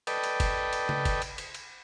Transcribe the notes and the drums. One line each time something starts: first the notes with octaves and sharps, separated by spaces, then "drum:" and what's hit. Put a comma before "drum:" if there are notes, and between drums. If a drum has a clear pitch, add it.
A4 B4 D5 D#5 G5, drum: cymbal
drum: cymbal
drum: kick, cymbal
drum: cymbal
drum: tom C#3
drum: kick, cymbal
drum: cymbal
drum: cymbal
drum: cymbal